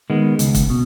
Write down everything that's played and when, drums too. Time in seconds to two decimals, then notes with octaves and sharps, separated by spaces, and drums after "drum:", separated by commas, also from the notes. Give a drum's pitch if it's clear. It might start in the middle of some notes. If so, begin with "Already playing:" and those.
0.10 D#3 G#3 B3
0.39 C#2, drum: hi-hat
0.55 drum: kick, hi-hat
0.70 B2